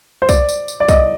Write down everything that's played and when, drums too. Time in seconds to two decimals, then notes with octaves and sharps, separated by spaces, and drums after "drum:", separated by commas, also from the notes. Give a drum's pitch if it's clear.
0.22 C5
0.29 D5, drum: kick, tambourine
0.49 drum: tambourine
0.68 drum: tambourine
0.80 D5
0.88 D#5, drum: kick, tambourine